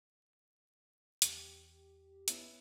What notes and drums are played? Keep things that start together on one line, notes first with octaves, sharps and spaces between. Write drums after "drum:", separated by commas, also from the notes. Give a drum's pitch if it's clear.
E2 G4, drum: hi-hat
B3 C#4 E4, drum: hi-hat